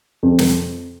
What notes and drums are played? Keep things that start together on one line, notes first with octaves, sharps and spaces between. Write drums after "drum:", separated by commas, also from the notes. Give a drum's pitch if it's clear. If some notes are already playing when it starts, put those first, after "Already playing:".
F2
drum: snare